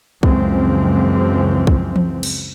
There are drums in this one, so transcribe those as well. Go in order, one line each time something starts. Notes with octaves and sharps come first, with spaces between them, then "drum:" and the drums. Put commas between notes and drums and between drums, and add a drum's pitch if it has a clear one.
C#2 F#2 E3 F3 G#3 C4, drum: kick
drum: kick
drum: tom E3
drum: cymbal